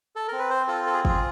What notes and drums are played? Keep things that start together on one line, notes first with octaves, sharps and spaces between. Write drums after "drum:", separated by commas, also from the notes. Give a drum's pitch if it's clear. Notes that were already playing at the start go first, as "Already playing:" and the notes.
A4
C4 A#4
B4
C5
F4 A4
A4
G#4
F4 G#4, drum: kick